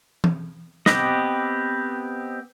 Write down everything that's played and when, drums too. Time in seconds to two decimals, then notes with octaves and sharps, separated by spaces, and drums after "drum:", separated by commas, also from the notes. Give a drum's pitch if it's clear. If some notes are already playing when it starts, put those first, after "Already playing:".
0.24 drum: tom E3
0.86 B3 C4 G4 B4 D#5, drum: snare